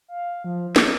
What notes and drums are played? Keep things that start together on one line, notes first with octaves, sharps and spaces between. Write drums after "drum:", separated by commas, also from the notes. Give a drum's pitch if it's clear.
F5
F3
C#4, drum: snare